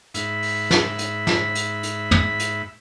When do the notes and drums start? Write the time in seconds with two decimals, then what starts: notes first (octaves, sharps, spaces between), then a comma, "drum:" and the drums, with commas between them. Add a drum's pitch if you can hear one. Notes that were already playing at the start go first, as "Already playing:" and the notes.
0.14 G#2 E5 B5, drum: hi-hat
0.42 drum: open hi-hat
0.71 drum: snare
0.99 drum: hi-hat
1.27 drum: snare
1.55 drum: hi-hat
1.83 drum: hi-hat
2.11 drum: tom
2.39 drum: hi-hat